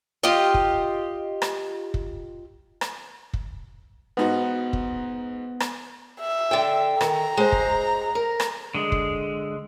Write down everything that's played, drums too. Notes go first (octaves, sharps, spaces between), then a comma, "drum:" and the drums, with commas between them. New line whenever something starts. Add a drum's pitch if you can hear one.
F4 G4 D#5
drum: kick
drum: rim click
drum: kick
drum: rim click
drum: kick
G#2 B3 D#4 F#4
drum: kick
drum: rim click
E5
D3 G5
D#3 A#5, drum: rim click
G#3 C5
drum: kick
A#4
drum: rim click
D3 G#3
drum: kick